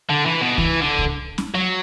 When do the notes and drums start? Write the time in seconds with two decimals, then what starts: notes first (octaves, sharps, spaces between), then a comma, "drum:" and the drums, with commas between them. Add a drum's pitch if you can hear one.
0.09 D3
0.26 E3
0.42 B2
0.58 E3, drum: kick C2
0.82 D3
0.98 drum: kick C2
1.38 drum: snare C#4
1.54 F#3